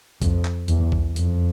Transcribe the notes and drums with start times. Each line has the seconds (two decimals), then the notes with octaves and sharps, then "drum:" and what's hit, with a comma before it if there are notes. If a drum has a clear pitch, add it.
0.22 F2, drum: kick B1, hi-hat
0.45 drum: clap
0.68 E2, drum: hi-hat
0.92 drum: kick B1
1.16 F2, drum: hi-hat